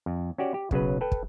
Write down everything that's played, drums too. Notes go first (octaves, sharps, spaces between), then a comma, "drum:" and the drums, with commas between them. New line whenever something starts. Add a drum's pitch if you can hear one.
F2
C#4 F#4 G4 D5
G4
B1 C#3 F#3 B4, drum: kick
A4 B4 G5
drum: kick